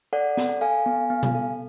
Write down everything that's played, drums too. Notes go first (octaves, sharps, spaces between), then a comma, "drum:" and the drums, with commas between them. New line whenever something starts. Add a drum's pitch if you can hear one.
A4 D5 F#5
A4, drum: snare B3
A4 F5 G#5
B3
B3
drum: tom B2
A4